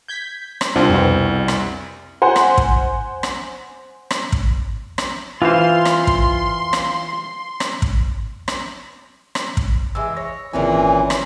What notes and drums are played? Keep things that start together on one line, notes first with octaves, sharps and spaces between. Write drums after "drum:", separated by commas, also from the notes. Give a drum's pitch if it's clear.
G6 G#6 B6
drum: rim click
C2 C4 D4 F4
F2 B2 C4
drum: rim click
C5 F#5 G#5
drum: rim click
drum: kick
drum: rim click
drum: rim click
drum: kick
drum: rim click
E3 F4 C5 F5 C6
drum: rim click
drum: kick
drum: rim click
drum: rim click
drum: kick
drum: rim click
drum: rim click
drum: kick
E3 G#3 E5 G#5 E6
C#5 A#6
G#1 A#2 C#3 E3 F#3 C4 C#4 G#5
drum: rim click